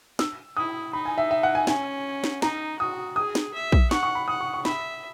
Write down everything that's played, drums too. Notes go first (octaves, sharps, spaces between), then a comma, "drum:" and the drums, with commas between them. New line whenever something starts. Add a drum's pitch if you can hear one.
E6, drum: snare
E4 D#6
D#4 B5
G#5
E5
E5
F#5
G#5
C#4 G#5, drum: snare
drum: snare
D#4 A#5, drum: snare
F#4 D#6
G#4 D#6
drum: snare
E5
drum: kick A#1
F#5 C#6, drum: snare
C#6
B5
F#5 D#6
C#6
C#6
E5 B5, drum: snare